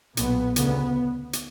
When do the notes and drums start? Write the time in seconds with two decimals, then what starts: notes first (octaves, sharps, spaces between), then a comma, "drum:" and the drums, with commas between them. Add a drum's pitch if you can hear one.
0.17 B1 A#2 B3, drum: hi-hat
0.56 D2 C#3 B3, drum: hi-hat
1.33 drum: hi-hat